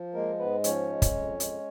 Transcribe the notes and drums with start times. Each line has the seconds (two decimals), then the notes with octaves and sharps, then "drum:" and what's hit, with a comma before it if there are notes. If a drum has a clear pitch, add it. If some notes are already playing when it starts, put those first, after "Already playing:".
Already playing: F3
0.14 G#3 A#3 A#4
0.39 G#2 B3 B4
0.64 F3 C#4 C#5, drum: hi-hat
0.89 G#3
1.02 drum: kick, hi-hat
1.14 F2
1.40 G#3, drum: hi-hat